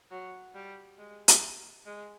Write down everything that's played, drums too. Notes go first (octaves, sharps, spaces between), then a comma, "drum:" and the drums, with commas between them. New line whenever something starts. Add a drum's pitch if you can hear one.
F#3
G3
G#3
drum: hi-hat
G#3